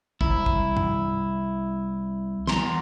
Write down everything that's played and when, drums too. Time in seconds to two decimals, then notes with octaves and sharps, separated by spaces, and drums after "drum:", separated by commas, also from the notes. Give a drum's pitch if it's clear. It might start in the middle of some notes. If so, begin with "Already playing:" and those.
0.21 C2 E4, drum: kick
0.46 drum: kick
0.77 drum: tom G2
2.47 E2 E3 A#5 C6, drum: snare